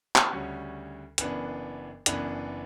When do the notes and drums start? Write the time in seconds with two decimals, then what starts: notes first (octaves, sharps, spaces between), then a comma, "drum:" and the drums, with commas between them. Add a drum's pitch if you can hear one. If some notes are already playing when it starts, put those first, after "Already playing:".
0.16 drum: clap
0.31 D2 C#3 G3 C#4 F#4
1.18 F#1 F#2 E3 B3 D4, drum: hi-hat
2.06 F#1 F#2 E3 B3 D4, drum: hi-hat